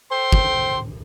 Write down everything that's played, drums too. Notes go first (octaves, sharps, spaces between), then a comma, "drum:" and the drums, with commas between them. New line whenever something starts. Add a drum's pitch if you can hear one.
A4 C5 G5 C6
drum: kick